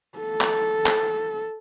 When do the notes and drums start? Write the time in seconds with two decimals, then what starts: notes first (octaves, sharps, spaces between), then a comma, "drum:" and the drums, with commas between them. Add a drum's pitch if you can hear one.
0.18 A4
0.41 drum: clap
0.86 drum: clap